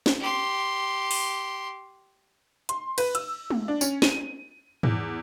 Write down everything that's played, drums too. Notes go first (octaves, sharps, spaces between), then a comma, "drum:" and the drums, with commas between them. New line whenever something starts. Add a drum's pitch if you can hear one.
drum: snare
G4 C6
drum: open hi-hat
C6, drum: hi-hat
B4, drum: cymbal
E6, drum: hi-hat
drum: tom G#3
D4
C#4, drum: tambourine
D#7, drum: snare
E2, drum: tom G#2